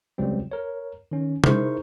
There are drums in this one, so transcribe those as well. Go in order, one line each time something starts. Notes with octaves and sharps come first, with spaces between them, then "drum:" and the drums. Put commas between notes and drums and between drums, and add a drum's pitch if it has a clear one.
C#2 F#3 G3 C4
A#4 C#5
D#3 C#4
D#4 E4 G#4 A#4 C5 C#6, drum: tom